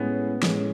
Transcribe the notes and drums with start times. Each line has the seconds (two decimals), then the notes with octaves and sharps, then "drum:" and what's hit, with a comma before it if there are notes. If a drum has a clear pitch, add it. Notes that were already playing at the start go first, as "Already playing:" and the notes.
Already playing: A2 G#3 B3 C#4 G#4
0.43 A2 G#3 C#4 G#4, drum: snare